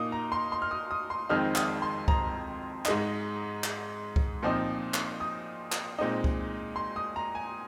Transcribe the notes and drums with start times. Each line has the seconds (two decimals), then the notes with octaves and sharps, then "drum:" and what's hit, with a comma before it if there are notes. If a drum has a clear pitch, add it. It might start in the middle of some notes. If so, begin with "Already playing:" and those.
Already playing: A#2 A#3 D#4 D#6
0.12 A#5
0.32 C6
0.52 C6
0.62 F6
0.71 D#6
0.91 D#6
1.10 C6
1.29 F2 D#3 G#3 C4 D#4 F6
1.56 D#6, drum: clap
1.82 C6
2.08 A#5, drum: kick C2
2.85 G#2 G#3 D#4, drum: clap
3.64 drum: clap
4.16 drum: kick C2
4.43 A#2 F3 C4 D#4
4.94 drum: clap
5.20 D#6
5.72 drum: clap
5.99 A#2 G#3 C4 D#4
6.24 drum: kick C2
6.76 C6
6.96 D#6
7.16 A#5
7.35 G#5